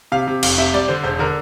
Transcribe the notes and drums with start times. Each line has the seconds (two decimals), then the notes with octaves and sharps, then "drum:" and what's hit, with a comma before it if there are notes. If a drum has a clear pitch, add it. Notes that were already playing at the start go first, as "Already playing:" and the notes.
0.12 C3 F5
0.27 C3
0.43 F1 F5, drum: cymbal
0.58 C3 E5
0.74 G3 D5
0.88 D3 C5
1.04 E1 C5
1.19 D3 A#4